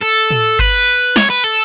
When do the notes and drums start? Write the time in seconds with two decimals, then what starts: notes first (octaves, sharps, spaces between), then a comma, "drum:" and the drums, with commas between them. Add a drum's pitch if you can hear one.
0.01 A4
0.31 drum: tom
0.59 B4, drum: kick G1
1.16 C#5, drum: snare
1.30 B4
1.44 A4